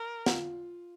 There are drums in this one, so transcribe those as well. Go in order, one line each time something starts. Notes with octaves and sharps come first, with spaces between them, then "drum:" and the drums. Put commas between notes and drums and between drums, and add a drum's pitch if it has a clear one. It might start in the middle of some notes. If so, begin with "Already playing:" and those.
Already playing: A#4
F4, drum: snare